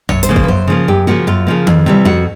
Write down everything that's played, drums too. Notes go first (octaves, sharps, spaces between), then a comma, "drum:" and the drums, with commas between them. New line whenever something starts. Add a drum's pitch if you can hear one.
F#2 C#5, drum: tom A#1
C5, drum: hi-hat
C#3 F3 A#3
C5, drum: kick C2
B4
F#2 C5
C#3 F3 A#3
F#2 G4
C#3 F3 A#3 F#4
F#2 F4
C#3 F3 A#3
F2, drum: tom D#3
C3 E3 G3
F2 F#4